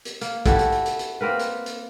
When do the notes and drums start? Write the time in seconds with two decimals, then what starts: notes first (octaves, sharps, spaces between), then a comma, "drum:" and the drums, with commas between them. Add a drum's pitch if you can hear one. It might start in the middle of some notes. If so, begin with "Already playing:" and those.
0.05 drum: hi-hat
0.21 A#3, drum: hi-hat
0.46 E4 F#4 G4 A4, drum: kick, hi-hat
0.59 drum: hi-hat
0.72 drum: hi-hat
0.86 drum: hi-hat
0.99 drum: hi-hat
1.21 A#3 C4 A#4 B4
1.39 drum: hi-hat
1.66 drum: hi-hat